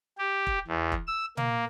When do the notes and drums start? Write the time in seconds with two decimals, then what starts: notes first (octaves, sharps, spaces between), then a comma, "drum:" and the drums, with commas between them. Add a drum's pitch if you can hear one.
0.18 G4
0.47 drum: kick E1
0.68 E2
0.92 drum: kick E1
1.07 E6
1.37 A#3, drum: tom A#2